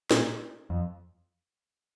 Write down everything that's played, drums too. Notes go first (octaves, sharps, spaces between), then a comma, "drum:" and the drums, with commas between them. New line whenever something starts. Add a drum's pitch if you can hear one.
A#2, drum: snare
F2